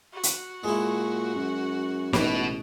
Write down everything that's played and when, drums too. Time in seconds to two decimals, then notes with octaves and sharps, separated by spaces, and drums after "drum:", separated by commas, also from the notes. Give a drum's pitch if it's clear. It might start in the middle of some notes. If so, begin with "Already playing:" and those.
0.14 F#4
0.23 drum: hi-hat
0.64 A#2 G#3 E4
1.35 F#2
2.13 A1 B2, drum: snare